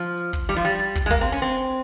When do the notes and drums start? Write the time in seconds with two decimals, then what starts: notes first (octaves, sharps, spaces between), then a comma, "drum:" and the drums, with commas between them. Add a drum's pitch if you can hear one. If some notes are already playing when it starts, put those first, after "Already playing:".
Already playing: F3
0.17 drum: hi-hat
0.33 drum: kick, open hi-hat
0.49 G3, drum: hi-hat
0.56 F3
0.65 G3
0.80 drum: open hi-hat
0.95 drum: kick, hi-hat
1.06 G#3
1.11 A#3, drum: kick, open hi-hat
1.21 C4
1.32 C#4
1.42 C4, drum: hi-hat
1.58 drum: hi-hat